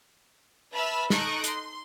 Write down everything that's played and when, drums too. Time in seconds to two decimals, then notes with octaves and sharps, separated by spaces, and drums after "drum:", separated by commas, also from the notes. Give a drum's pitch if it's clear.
0.73 B4 E5 A5 B5 E6 F6
1.10 D#4 A4 C#6 D#6 F#6 D7, drum: snare
1.44 C6, drum: hi-hat